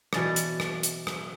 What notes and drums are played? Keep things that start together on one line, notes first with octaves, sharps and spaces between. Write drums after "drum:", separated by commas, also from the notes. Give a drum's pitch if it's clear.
B2 E3 D5 D#5, drum: rim click
drum: hi-hat
drum: rim click
drum: hi-hat
drum: rim click